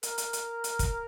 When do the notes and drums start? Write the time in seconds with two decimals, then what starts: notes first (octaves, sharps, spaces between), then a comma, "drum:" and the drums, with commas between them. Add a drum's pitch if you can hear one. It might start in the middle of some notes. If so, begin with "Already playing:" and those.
0.03 A#4, drum: hi-hat
0.18 drum: hi-hat
0.33 drum: hi-hat
0.64 drum: hi-hat
0.79 drum: kick, hi-hat